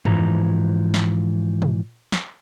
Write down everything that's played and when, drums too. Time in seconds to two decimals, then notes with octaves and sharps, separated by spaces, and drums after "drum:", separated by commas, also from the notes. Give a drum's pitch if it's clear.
0.05 G#2 E3 F3 A#5, drum: tom
0.94 drum: snare
1.62 drum: tom
2.12 drum: snare